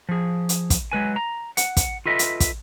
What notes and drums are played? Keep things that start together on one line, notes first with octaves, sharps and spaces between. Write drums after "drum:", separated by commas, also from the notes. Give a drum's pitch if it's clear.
F3 G#4
drum: hi-hat
drum: kick, hi-hat
F#3 G#3 B4 G#5
A#5
F#5, drum: hi-hat
drum: kick, hi-hat
F4 A4 B4 D#5 E5
drum: hi-hat
drum: kick, hi-hat